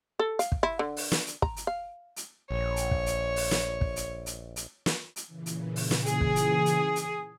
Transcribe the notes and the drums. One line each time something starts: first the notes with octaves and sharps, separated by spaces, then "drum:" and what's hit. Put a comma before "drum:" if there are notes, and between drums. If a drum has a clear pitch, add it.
A4
F5, drum: hi-hat
drum: kick
E4
D3
drum: open hi-hat
drum: snare
drum: hi-hat
A#5, drum: kick
drum: hi-hat
F5
drum: hi-hat
A#1 C#5
drum: hi-hat
drum: kick
drum: hi-hat
drum: open hi-hat
drum: snare
drum: kick
drum: hi-hat
drum: hi-hat
drum: hi-hat
drum: snare
drum: hi-hat
A#2 C#3 E3
drum: hi-hat
drum: open hi-hat
drum: snare
G#4, drum: hi-hat
drum: kick
drum: hi-hat
drum: hi-hat
drum: hi-hat